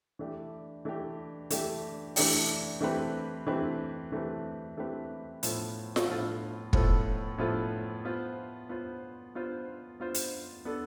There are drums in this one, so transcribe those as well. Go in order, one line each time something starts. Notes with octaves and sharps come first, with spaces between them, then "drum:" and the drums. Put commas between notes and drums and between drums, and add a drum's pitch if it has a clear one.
E3 A3 D4 G4
E3 A3 D4 G4
E3 A3 D4 G4, drum: hi-hat
E3 A3 D4 G4, drum: open hi-hat
E3 A3 C4 G4 B4
E3 A3 C4 G4 B4
E3 A3 C4 G4 B4
E3 A3 C4 G4 B4
A2 F3 B3 F4 A4, drum: hi-hat
drum: snare F4
A2 F3 B3 F4 A4
A2 F3 B3 F4 A4, drum: kick
A2 F3 B3 F4 A4
B3 F4 C5
B3 F4 C5
B3 F4 C5
B3 F4 C5
drum: hi-hat
B3 D4 A4